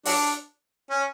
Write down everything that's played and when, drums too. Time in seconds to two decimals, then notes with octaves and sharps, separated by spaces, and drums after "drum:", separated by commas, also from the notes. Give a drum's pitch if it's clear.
0.06 F#3 D4, drum: open hi-hat
0.90 C#4